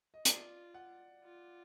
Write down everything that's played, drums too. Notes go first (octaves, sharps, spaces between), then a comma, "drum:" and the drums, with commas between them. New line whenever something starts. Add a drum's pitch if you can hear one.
D#5
F4 D5, drum: hi-hat
F#5
F4